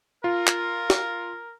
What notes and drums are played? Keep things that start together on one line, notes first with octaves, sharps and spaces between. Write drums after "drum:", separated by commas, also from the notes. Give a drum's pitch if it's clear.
F4 A#4
drum: clap
drum: snare